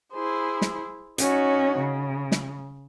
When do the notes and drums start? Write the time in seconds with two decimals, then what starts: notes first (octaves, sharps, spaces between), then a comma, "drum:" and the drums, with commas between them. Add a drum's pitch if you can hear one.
0.12 E4 G#4 C5
0.62 drum: snare
1.18 C#4 D#4 F#4 C#5, drum: hi-hat
1.79 C#3
2.32 drum: snare